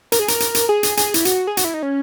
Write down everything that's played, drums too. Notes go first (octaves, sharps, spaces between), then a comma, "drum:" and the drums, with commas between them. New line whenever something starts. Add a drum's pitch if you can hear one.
A#4, drum: hi-hat
G#4
A#4, drum: hi-hat
drum: hi-hat
drum: hi-hat
G#4
drum: hi-hat
G#4, drum: hi-hat
E4, drum: hi-hat
F#4, drum: hi-hat
G#4
F#4, drum: hi-hat
E4
D#4
C#4